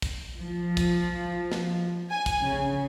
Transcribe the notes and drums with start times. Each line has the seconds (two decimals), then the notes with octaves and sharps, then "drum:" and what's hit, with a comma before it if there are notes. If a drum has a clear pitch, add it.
0.02 drum: kick, hi-hat
0.40 F3
0.77 drum: kick, hi-hat
1.52 drum: snare
2.11 G#5
2.26 drum: kick, hi-hat
2.43 C#3